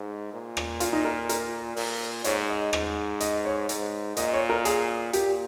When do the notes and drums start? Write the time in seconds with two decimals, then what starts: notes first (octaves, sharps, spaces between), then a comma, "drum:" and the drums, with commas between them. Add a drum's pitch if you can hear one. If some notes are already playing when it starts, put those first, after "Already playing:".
Already playing: G#2
0.33 A#2
0.57 drum: rim click
0.80 F4, drum: hi-hat
0.93 D#4
1.05 A#4
1.29 A#4, drum: hi-hat
1.76 A#2, drum: open hi-hat
2.24 G#2 C#5, drum: hi-hat
2.50 D#5
2.73 G#2, drum: rim click
3.20 D#5, drum: hi-hat
3.45 C#5
3.69 G#2, drum: hi-hat
4.17 A#2 D#5, drum: hi-hat
4.34 C#5
4.49 A#4
4.65 G#4, drum: hi-hat
5.13 A#2 G4, drum: hi-hat